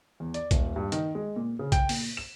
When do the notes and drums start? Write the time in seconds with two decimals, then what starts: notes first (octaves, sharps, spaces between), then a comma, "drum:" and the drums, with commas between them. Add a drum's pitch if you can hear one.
0.20 E2
0.34 D5, drum: hi-hat
0.51 D#1, drum: kick, hi-hat
0.76 G2
0.92 D#3, drum: hi-hat
1.15 G#3
1.36 A#2
1.59 C#3
1.72 G5, drum: kick, hi-hat
1.89 A#2, drum: open hi-hat
2.17 E7